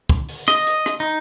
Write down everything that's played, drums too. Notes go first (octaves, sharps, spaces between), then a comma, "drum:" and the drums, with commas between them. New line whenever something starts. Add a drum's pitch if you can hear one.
drum: kick
drum: open hi-hat
D#5, drum: rim click
drum: hi-hat
drum: rim click
D#4